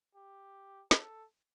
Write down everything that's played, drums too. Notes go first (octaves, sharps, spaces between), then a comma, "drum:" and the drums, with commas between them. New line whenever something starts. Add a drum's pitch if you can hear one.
G4
A4, drum: snare